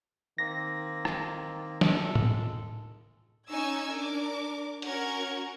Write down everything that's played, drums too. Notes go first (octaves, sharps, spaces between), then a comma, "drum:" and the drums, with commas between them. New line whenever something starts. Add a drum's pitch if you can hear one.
D#3 A#3 C4 A#6
drum: rim click
G#3 A4, drum: snare
drum: tom A2
C#4 D#4 G#5 C#6 E6 G#6
D4 A#4 D6
C#4 F#4 A#4 F#5 G#6, drum: hi-hat